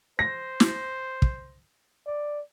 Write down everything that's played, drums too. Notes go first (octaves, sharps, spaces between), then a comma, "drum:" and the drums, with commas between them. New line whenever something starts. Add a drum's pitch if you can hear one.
C5 A#6
drum: snare
drum: kick
D5